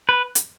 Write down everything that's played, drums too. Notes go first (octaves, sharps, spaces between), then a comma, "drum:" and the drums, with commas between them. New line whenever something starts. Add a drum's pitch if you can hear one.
B4
drum: hi-hat